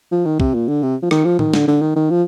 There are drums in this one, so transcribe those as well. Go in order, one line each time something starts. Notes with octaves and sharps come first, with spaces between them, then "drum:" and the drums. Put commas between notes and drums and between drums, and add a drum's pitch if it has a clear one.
F3
D#3
C3, drum: kick
A#2
D3
C3
F3
D#3, drum: rim click
F3
D#3, drum: tom A2
D3, drum: snare
D3
D#3
D#3
F3